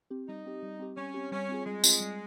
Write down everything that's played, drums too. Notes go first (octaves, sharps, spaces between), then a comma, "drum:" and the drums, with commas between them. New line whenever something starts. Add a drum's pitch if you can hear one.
C4 G4
G3 D#4
C4 G4
G3
C4 G4
G3 C#4
C4 G4
G3 C#4
C4 F4 G#4
G3 G#3
C4 F4 G#4, drum: tambourine
G3